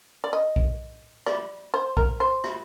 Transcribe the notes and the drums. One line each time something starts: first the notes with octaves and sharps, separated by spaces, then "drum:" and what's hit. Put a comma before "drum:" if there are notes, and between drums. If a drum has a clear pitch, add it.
D5
D#5
drum: kick B1
D5, drum: rim click
C5
A#4, drum: kick B1
C5
drum: rim click